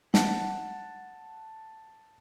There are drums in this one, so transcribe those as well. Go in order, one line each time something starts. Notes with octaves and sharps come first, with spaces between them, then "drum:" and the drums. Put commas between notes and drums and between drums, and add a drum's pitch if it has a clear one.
F#5 A5, drum: snare